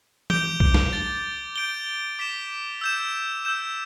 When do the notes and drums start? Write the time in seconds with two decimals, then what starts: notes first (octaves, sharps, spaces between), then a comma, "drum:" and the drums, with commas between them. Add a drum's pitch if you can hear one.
0.30 D6 G6 D7 G7, drum: tom
0.60 drum: kick B1
0.74 drum: snare
0.93 A6 G7
1.56 G6 D7 G7
2.19 D6 B6 E7
2.81 E6 G6 E7
3.45 E6 G6 E7